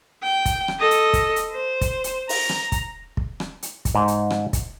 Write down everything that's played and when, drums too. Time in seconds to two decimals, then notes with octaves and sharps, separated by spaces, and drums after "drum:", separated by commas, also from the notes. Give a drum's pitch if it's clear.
0.23 G5
0.46 drum: kick, hi-hat
0.68 drum: rim click
0.80 A4 D#5
0.91 drum: hi-hat
1.13 drum: kick, hi-hat
1.36 drum: hi-hat
1.52 C5
1.81 drum: kick, hi-hat
2.04 drum: hi-hat
2.29 A#5, drum: open hi-hat
2.49 drum: rim click
2.72 drum: kick, hi-hat
3.17 drum: kick
3.40 drum: rim click
3.63 drum: hi-hat
3.85 drum: kick, hi-hat
3.95 G#2
4.08 drum: hi-hat
4.30 drum: rim click
4.53 drum: kick, hi-hat